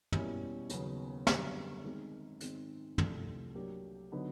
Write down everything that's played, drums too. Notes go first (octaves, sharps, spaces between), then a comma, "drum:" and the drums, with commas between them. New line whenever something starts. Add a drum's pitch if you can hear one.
B2 G3 A#3 C#4 E4, drum: tom
D#2 C#3 F#3 B3, drum: hi-hat
F#2 D3 G3 B3, drum: snare
D#3 G#3 C4
G#2 D#3 G#3 C4, drum: hi-hat
C2 C3 F3 A3 D4, drum: tom
F#3 A#3 D4 G4
D3 F#3 B3 D#4